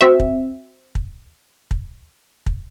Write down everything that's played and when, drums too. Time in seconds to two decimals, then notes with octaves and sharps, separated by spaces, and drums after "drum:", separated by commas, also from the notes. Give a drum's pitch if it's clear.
0.01 C4 F#4 E5
0.20 drum: kick
0.95 drum: kick
1.71 drum: kick
2.46 drum: kick